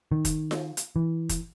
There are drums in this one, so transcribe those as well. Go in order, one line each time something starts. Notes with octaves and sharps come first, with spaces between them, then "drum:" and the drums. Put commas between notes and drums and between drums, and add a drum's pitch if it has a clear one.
D#3
drum: kick, hi-hat
drum: snare F4
drum: hi-hat
E3
drum: kick, hi-hat